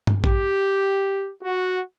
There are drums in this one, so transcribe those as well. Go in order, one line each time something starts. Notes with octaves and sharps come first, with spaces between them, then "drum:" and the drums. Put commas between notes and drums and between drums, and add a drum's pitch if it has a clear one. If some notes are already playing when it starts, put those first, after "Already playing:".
drum: tom G2
G4, drum: kick
F#4